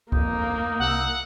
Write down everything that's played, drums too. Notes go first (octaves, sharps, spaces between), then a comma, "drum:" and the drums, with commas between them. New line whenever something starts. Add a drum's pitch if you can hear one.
G1 F2 A#3 D#4, drum: kick C#2
C2 C3 F#5 E6